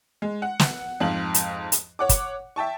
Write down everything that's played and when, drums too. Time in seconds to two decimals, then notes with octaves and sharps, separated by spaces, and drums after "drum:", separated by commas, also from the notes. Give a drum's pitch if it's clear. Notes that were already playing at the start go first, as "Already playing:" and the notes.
0.22 G#3
0.42 F#5
0.59 drum: snare
1.00 F2 G#2 F5 F#7
1.34 drum: hi-hat
1.72 drum: hi-hat
1.99 C#5 F#5 D6
2.09 drum: kick, hi-hat
2.56 E5 G5 A5 C#6